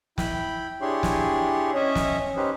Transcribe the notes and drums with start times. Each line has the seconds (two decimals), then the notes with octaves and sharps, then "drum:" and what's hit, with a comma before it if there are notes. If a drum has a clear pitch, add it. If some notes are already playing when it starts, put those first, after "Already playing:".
0.18 E4 G5 B5, drum: snare
0.81 D4 E4 G4 G#4 C#5 C6
1.03 drum: snare
1.75 C#4 C#5 D#5 E5
1.95 drum: snare
2.37 C#4 D#4 G4 B4 C5